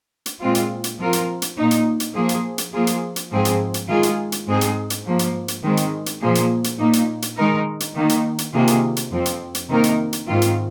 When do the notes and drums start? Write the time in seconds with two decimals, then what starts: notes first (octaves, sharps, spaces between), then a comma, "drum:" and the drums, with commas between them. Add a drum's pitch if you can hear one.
0.26 drum: hi-hat
0.40 A#2 G#3 C4 F4
0.55 drum: hi-hat
0.84 drum: hi-hat
0.98 F3 C4 F4 A#4
1.13 drum: hi-hat
1.42 drum: hi-hat
1.56 A#2 A#3 D#4
1.71 drum: hi-hat
2.00 drum: hi-hat
2.14 F3 A#3 G#4
2.29 drum: hi-hat
2.58 drum: hi-hat
2.72 F3 A#3 F4 G#4
2.87 drum: hi-hat
3.16 drum: hi-hat
3.31 G#2 F3 C4 G#4
3.45 drum: hi-hat
3.74 drum: hi-hat
3.89 D#3 G#3 F4 G#4
4.03 drum: hi-hat
4.32 drum: hi-hat
4.47 G#2 G#3 C4 D#4 G#4
4.61 drum: hi-hat
4.90 drum: hi-hat
5.04 G#2 F3 A#3
5.19 drum: hi-hat
5.48 drum: hi-hat
5.63 D#3 G#3 C4
5.77 drum: hi-hat
6.06 drum: hi-hat
6.21 A#2 F3 A#3 G#4
6.35 drum: hi-hat
6.64 drum: hi-hat
6.79 A#2 A#3 D#4
6.93 drum: hi-hat
7.22 drum: hi-hat
7.37 D#3 G#3 D#4 A#4
7.80 drum: hi-hat
7.95 D#3 A#3 D#4
8.09 drum: hi-hat
8.38 drum: hi-hat
8.53 C3 D#3 A#3 F4 G#4
8.67 drum: hi-hat
8.97 drum: hi-hat
9.11 F2 F3 C4
9.26 drum: hi-hat
9.55 drum: hi-hat
9.69 C3 D#3 A#3 D#4 A#4
9.84 drum: hi-hat
10.13 drum: hi-hat
10.27 G#2 D#3 C4 F4
10.42 drum: hi-hat